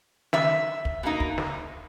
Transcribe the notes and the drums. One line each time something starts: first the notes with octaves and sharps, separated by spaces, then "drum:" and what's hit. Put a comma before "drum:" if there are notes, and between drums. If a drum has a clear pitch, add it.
F#2 D#3 E5, drum: snare
drum: kick
B2 A#3 D#4
drum: kick
drum: snare